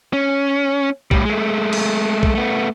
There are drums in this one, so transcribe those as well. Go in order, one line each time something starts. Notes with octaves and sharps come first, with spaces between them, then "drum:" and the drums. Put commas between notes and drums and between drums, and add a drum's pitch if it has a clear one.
C#4
A2 G3, drum: kick
G#3 A3
drum: cymbal
drum: kick
A3 B3